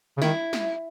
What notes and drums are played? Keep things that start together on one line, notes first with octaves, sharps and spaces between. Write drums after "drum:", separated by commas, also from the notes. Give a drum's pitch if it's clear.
C#3
D#3 E4, drum: snare
drum: snare